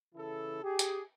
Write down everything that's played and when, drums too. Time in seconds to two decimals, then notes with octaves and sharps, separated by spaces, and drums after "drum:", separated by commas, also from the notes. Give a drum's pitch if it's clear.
0.15 C#3 E3 E4 A4
0.62 G4 G#4
0.79 drum: hi-hat